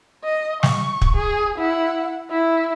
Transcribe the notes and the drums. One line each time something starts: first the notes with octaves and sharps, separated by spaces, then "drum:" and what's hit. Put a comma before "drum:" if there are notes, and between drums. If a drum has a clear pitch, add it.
D#5
C#6, drum: snare
drum: kick
G#4
E4 F#5
E4